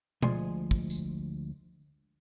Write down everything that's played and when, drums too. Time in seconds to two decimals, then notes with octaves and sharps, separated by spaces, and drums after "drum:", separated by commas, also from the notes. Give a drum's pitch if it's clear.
0.22 D2 F3 G#3 G#5 C6, drum: tom B2
0.71 drum: kick
0.90 drum: tambourine